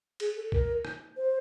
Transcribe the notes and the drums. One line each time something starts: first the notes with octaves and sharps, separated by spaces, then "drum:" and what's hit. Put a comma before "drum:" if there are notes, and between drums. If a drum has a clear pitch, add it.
G#4, drum: cymbal
A4
A#4, drum: kick B1
drum: rim click
C5